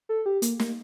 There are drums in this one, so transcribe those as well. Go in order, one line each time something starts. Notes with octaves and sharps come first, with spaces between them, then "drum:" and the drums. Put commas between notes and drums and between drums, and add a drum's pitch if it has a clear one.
A4
G4
A#3, drum: hi-hat
A#3, drum: snare